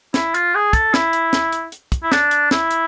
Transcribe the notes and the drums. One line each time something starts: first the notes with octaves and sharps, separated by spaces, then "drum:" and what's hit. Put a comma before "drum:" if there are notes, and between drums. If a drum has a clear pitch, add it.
E4, drum: snare
F4, drum: hi-hat
G#4
A4, drum: kick, hi-hat
E4, drum: snare
drum: hi-hat
drum: snare
drum: hi-hat
drum: hi-hat
drum: kick, hi-hat
E4
D4, drum: snare
drum: hi-hat
E4, drum: snare
drum: hi-hat